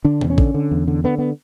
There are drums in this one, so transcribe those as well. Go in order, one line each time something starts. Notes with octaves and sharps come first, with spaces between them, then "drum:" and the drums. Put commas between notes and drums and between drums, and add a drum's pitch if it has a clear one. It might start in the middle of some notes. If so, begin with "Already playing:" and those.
D3 D4
E2, drum: tom B2
C#4
D3, drum: kick A1
D3
E2
D3
D3 B3
B3